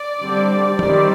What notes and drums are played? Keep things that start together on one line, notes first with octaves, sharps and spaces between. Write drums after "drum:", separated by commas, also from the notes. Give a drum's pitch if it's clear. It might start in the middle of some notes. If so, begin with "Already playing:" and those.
Already playing: D5
D3 G3 C4
D#3 G3 C4 D5, drum: tom